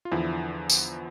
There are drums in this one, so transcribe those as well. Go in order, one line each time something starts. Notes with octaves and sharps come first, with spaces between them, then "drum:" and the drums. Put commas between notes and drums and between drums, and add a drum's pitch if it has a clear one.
F4
E2 D3 F3 E4
drum: tambourine